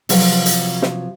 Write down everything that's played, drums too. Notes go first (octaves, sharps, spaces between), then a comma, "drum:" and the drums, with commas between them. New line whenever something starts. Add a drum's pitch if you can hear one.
C3 F3 F#3 F#4 B4, drum: open hi-hat
drum: hi-hat
drum: snare